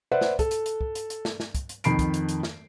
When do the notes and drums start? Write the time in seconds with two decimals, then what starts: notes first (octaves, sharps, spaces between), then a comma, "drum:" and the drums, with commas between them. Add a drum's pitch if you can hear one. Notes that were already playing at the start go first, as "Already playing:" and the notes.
0.12 B4 C5 D5 E5 F#5
0.21 drum: snare
0.39 A4, drum: kick, hi-hat
0.51 drum: hi-hat
0.66 drum: hi-hat
0.81 drum: kick
0.95 drum: hi-hat
1.10 drum: hi-hat
1.25 drum: snare
1.40 drum: snare
1.55 drum: kick, hi-hat
1.69 drum: hi-hat
1.84 F2 D#3 B5 C7 D7, drum: hi-hat
1.99 drum: kick, hi-hat
2.14 drum: hi-hat
2.29 drum: hi-hat
2.43 drum: snare